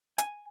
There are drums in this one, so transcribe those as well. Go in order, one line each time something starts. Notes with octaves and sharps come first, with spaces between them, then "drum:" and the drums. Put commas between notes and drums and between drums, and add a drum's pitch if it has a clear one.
G#5, drum: hi-hat